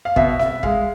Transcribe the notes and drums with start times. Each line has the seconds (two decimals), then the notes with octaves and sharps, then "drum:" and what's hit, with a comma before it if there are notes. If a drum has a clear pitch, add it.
0.05 F5
0.16 B2 E5, drum: kick
0.39 E5, drum: snare C4
0.63 G#3 F5, drum: kick